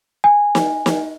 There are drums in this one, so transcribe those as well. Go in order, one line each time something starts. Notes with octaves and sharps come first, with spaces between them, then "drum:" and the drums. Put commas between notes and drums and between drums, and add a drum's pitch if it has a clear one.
G#5
drum: snare
drum: snare